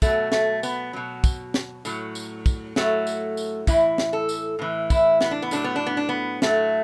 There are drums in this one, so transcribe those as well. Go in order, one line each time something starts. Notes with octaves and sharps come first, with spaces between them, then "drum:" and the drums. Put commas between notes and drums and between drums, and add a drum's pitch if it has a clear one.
B2 F#3 A3, drum: kick, tambourine
A3, drum: snare
B3, drum: tambourine
B2 F#3
drum: kick, tambourine
drum: snare
A2 F#3, drum: tambourine
drum: tambourine
drum: kick, tambourine
A2 F#3 A3, drum: snare
drum: tambourine
drum: tambourine
A2 E3 E4, drum: kick, tambourine
drum: snare
A4
drum: tambourine
A2 E3
E4, drum: kick, tambourine
B3, drum: snare
D4
B3
A2 F#3 D4, drum: tambourine
B3
D4
B3
D4
B3
A2 F#3 A3, drum: snare